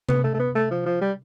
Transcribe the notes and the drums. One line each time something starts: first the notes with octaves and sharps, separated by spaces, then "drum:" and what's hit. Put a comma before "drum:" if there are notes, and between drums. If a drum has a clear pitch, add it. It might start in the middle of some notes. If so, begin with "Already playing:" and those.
B3, drum: tom C3
A3
A3
B3
A3
F3
F3
G3